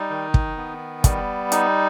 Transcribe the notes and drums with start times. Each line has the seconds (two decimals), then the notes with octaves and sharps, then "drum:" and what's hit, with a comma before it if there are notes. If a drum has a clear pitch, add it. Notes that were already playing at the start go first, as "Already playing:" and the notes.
Already playing: G3 D#4
0.10 D#3
0.34 drum: kick
0.57 B3
1.04 G3, drum: kick, hi-hat
1.52 D#4, drum: hi-hat